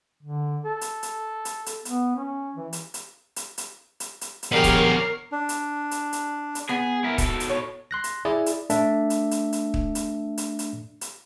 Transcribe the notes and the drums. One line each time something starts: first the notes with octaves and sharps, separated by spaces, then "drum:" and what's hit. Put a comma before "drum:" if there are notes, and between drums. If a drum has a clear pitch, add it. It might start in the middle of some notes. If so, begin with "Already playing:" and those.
D3
A4
drum: hi-hat
drum: hi-hat
drum: hi-hat
drum: hi-hat
B3, drum: hi-hat
C#4
E3
drum: hi-hat
drum: hi-hat
drum: hi-hat
drum: hi-hat
drum: hi-hat
drum: hi-hat
drum: hi-hat
A#1 B3 G4 A#4 C#5 D5 F6 C7
drum: kick, hi-hat
D4
drum: hi-hat
drum: hi-hat
drum: hi-hat
drum: hi-hat
B3 G#4 G#5
E4 A#4
B2 A4, drum: kick, hi-hat
drum: hi-hat
C#5
C6 F#6 A#6
drum: hi-hat
E4 G#4 D5 E5
drum: hi-hat
A3 D4 E5, drum: hi-hat
drum: hi-hat
drum: hi-hat
drum: hi-hat
drum: kick
drum: hi-hat
drum: hi-hat
drum: hi-hat
drum: hi-hat